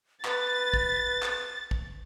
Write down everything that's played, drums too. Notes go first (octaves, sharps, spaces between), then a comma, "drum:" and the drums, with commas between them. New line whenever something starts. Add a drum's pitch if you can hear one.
B4 A6, drum: clap
drum: kick
drum: clap
drum: kick